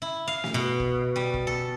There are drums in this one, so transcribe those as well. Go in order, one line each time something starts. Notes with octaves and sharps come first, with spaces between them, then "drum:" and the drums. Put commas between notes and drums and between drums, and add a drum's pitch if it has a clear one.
E4
F5
drum: snare
B2
drum: kick
G3
drum: kick
A4